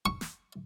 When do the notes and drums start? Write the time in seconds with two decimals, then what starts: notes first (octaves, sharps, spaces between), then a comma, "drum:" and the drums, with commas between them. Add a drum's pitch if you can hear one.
0.06 C#6
0.21 drum: snare